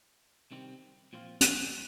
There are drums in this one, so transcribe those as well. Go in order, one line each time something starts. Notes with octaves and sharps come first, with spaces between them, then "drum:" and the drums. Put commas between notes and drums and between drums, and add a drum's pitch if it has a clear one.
C3 D#3 G3 C4
A#2 F3 C4 F4
drum: hi-hat